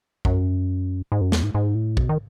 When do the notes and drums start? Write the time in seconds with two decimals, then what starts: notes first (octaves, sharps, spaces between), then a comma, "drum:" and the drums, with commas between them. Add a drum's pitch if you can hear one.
0.25 F#2, drum: kick
1.12 G#2
1.21 F#2
1.32 E2, drum: snare
1.43 G#2
1.55 G#2
1.75 A2
1.97 B2, drum: kick
2.09 D#3